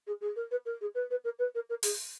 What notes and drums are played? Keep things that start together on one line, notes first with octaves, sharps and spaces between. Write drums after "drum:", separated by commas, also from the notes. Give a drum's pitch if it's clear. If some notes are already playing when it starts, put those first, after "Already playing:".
G#4
G#4
A#4
B4
A#4
G#4
B4
B4
A#4
B4
A#4
A#4
G#4, drum: open hi-hat